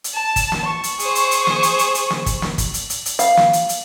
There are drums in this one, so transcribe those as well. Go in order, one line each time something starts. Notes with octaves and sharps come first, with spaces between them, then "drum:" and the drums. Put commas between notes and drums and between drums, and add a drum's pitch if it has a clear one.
drum: hi-hat
A5
drum: kick, hi-hat
drum: snare
C#6
drum: hi-hat
G#4 C5, drum: hi-hat
drum: hi-hat
drum: hi-hat
drum: snare
drum: hi-hat
drum: hi-hat
drum: hi-hat
drum: snare
drum: kick, hi-hat
drum: snare
drum: kick, hi-hat
drum: hi-hat
drum: hi-hat
drum: hi-hat
F5, drum: hi-hat
drum: snare
drum: hi-hat
drum: hi-hat